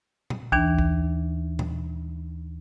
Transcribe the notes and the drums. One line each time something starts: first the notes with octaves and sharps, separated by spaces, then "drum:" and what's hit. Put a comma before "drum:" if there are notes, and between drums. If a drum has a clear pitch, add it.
drum: tom A#2
D#2 E3 D4, drum: kick B1
drum: kick B1
drum: tom A#2